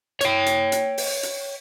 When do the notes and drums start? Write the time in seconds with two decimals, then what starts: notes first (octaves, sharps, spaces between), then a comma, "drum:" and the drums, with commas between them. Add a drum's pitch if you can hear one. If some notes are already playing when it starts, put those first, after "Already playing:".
0.21 C#5 G5, drum: hi-hat
0.46 drum: hi-hat
0.72 drum: hi-hat
0.98 drum: open hi-hat
1.23 drum: hi-hat